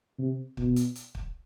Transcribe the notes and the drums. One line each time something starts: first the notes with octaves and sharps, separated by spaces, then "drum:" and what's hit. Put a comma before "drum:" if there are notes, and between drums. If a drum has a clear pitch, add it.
C3
B2, drum: kick
drum: hi-hat
drum: hi-hat
drum: kick